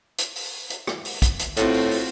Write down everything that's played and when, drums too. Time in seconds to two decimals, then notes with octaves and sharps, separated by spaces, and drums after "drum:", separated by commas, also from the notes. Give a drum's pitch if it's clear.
0.18 drum: hi-hat
0.36 drum: open hi-hat
0.70 drum: hi-hat
0.87 drum: rim click
1.05 drum: open hi-hat
1.22 drum: kick, hi-hat
1.39 drum: hi-hat
1.57 A2 C4 F4 F#4, drum: hi-hat
1.74 drum: open hi-hat
1.91 drum: open hi-hat